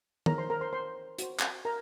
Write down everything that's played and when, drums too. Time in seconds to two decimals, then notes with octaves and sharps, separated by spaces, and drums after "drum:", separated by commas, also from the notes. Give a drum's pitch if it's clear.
0.26 D#4 G#4 A#4 C#5 A#5, drum: tom
0.38 C5 C6
0.50 A#4 A#5
0.61 C5 C6
0.73 C5 C6
1.19 F#4 C5, drum: hi-hat
1.39 drum: clap
1.65 A#4 A#5